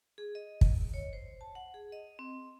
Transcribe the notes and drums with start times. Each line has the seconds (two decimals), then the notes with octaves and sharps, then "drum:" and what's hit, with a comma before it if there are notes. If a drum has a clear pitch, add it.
0.18 G#4
0.35 D#5
0.61 drum: kick
0.94 C#5
1.13 C5
1.41 A5
1.55 F#5
1.74 G#4
1.92 D#5
2.19 C4